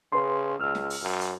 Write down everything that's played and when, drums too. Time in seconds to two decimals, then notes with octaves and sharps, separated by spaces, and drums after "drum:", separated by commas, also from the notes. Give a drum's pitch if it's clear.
0.12 C#3 B4 C6
0.60 C#2 E6 F6
0.75 drum: snare
0.90 drum: open hi-hat
1.01 F#2
1.21 drum: hi-hat